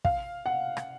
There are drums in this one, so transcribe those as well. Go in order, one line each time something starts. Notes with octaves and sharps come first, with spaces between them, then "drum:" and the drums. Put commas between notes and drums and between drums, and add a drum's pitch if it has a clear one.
F5, drum: kick
F#5
drum: rim click